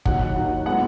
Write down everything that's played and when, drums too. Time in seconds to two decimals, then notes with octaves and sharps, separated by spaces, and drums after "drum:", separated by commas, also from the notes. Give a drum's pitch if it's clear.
0.05 D#2 D#3 F#3 F#5, drum: kick
0.35 D#2 D#3 F#3
0.66 A#2 G#3 B3 F#5